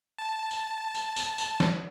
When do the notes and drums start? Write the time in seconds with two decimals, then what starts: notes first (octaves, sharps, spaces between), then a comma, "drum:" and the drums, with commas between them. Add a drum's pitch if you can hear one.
0.18 A5
0.51 drum: tambourine
0.95 drum: tambourine
1.16 drum: tambourine
1.38 drum: tambourine
1.60 drum: snare